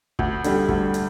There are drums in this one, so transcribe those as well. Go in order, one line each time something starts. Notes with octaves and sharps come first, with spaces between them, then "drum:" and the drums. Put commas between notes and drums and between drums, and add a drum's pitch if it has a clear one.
D2, drum: kick
D3 G3, drum: hi-hat
D2, drum: kick
drum: hi-hat